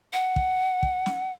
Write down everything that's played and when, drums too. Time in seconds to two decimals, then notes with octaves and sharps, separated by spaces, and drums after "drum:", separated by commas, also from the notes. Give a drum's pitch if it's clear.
0.13 F#5
0.36 drum: kick
0.83 drum: kick
1.06 drum: snare